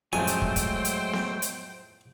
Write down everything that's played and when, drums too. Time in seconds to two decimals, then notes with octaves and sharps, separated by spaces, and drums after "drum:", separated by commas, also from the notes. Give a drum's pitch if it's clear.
0.13 A1 F2 F#3 G#3 A3 C5 G5 G#5
0.27 drum: hi-hat
0.42 drum: kick
0.56 drum: kick, hi-hat
0.85 drum: hi-hat
1.13 drum: snare B3
1.42 drum: hi-hat